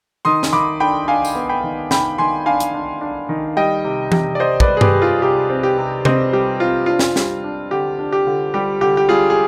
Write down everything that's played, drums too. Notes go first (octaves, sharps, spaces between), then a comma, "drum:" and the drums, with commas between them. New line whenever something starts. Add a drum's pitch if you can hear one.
D#3 C6 D#6
drum: snare
D#3 B5 D6
D4 G5 B5
D4 F5 G#5
drum: tambourine
B3
G5 B5
D#3
D#3 G5 B5, drum: snare
D#3 G#5 C6
D4 F5 G#5
drum: hi-hat
D4
D4
D#3
G3 D#5 G5
C3
C3, drum: tom E3
D5
C3 C5 D#5
B4 D5, drum: kick
G3
G#4
G4 B4, drum: tom G2
G3
F4 G#4
C3 G4
C4
G4
C3
C4 C5 D#5, drum: tom C3
G3 G4
C4 F4
D4 F4
drum: snare
G3, drum: snare
D4
D3 G4
D4
G4
D3
G3 G4
D3 G4
G4
G3 F4 G#4
G#4